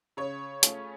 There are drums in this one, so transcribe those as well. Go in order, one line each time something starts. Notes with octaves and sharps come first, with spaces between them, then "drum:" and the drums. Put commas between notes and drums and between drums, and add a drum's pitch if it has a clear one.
C#3 C#5
A3 C#4 F4, drum: hi-hat